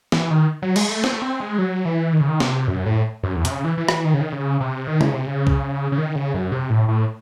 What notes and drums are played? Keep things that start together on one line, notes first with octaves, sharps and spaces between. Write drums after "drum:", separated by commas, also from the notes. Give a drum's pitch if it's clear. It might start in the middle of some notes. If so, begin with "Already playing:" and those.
E3, drum: snare
D#3
F#3
G#3, drum: cymbal
A3
C4, drum: snare
A3
C4
G#3
F#3
E3
D#3
C#3
D#3
C3, drum: snare
F#2
A2
F#2
E2
C3, drum: hi-hat
C#3
E3
E3
drum: rim click
D#3
C#3
D#3
C#3
C3
D#3
C#3, drum: tom
C3
C#3
drum: kick C2
C#3
D#3
C#3
F#2
C3
A2
A2